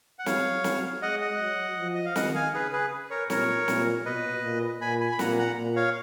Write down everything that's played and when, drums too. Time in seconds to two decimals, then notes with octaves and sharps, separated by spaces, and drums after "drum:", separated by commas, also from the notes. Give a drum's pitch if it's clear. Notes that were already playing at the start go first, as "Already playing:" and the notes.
0.19 F#5
0.26 F#3 C#5 F5, drum: snare
0.64 drum: snare
1.02 G#3 D#5 F#5
1.21 D#5 F#5
1.40 F#3
1.78 F3
1.95 D#5
2.05 F5
2.16 D#3 D#5 F#5, drum: snare
2.35 F5 G#5
2.54 C#3 G#4 B4
2.72 G#4 B4
3.10 A#4 C#5
3.30 A#2 A#4 C#5, drum: snare
3.68 A#2, drum: snare
4.05 B2 B4 D#5
4.43 A#2
4.81 A#2 G#5 B5
5.00 G#5 B5
5.12 B5
5.19 A#2 F#5 A#5, drum: snare
5.39 F#5 A#5
5.58 A#2
5.76 C#5 F5